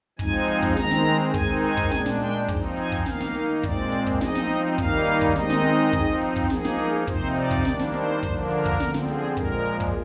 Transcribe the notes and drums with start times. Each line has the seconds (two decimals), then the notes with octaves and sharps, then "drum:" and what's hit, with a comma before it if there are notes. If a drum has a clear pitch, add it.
0.19 F3 G#3 C4 D#4 G#5, drum: kick, hi-hat
0.48 drum: hi-hat
0.62 drum: kick
0.77 D#3 G#3 C4 A#5, drum: snare
0.91 drum: snare
1.05 drum: hi-hat
1.34 D#3 G#3 C4 D#4 G#5, drum: kick
1.62 G#5, drum: hi-hat
1.77 drum: kick
1.91 A#2 G#3 D4, drum: snare
2.06 drum: snare
2.20 G5, drum: hi-hat
2.48 F3 C4 D#4, drum: kick, hi-hat
2.77 G#5, drum: hi-hat
2.92 drum: kick
3.06 D#3 A#3 D#4 F5, drum: snare
3.20 drum: snare
3.35 drum: hi-hat
3.63 A#2 G#3 C4 D5, drum: kick, hi-hat
3.92 drum: hi-hat
4.06 drum: kick
4.21 F3 C4 D#4 D#5, drum: snare
4.35 drum: snare
4.49 drum: hi-hat
4.78 D#3 G3 A#3 D#4 F5, drum: kick, hi-hat
5.07 drum: hi-hat
5.21 drum: kick
5.36 D#3 G#3 C4 D#4 D#5, drum: snare
5.50 drum: snare
5.64 drum: hi-hat
5.93 F3 C4 D#4, drum: kick, hi-hat
6.22 drum: hi-hat
6.36 drum: kick
6.50 F3 A#3 D#4 G#4, drum: snare
6.65 drum: snare
6.79 drum: hi-hat
7.07 C3 F3 C4 D#4 C5, drum: kick, hi-hat
7.36 D5, drum: hi-hat
7.51 drum: kick
7.65 D#3 G3 A#3 D4, drum: snare
7.79 drum: snare
7.94 C5, drum: hi-hat
8.23 D3 F3 A#3 D4, drum: kick, hi-hat
8.51 A#4, drum: hi-hat
8.65 drum: kick
8.80 D3 F3 C4, drum: snare
8.94 drum: snare
9.09 G#4, drum: hi-hat
9.37 A#2 F3 G#3 A#4, drum: kick, hi-hat
9.66 drum: hi-hat
9.80 drum: kick